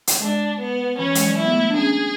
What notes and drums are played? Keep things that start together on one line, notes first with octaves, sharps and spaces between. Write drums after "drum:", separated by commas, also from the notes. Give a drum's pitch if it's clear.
drum: hi-hat
G#3 D4
B3
E3 C#4
G#3, drum: hi-hat
F#3
E4
B3
A3
D4
C#4 G#4